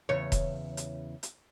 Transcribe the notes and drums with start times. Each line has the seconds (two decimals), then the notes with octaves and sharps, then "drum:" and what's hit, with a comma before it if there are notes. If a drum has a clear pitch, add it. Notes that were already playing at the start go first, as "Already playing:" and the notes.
0.09 E2 C#3 C#5
0.32 drum: kick E1, hi-hat
0.77 drum: hi-hat
1.23 drum: hi-hat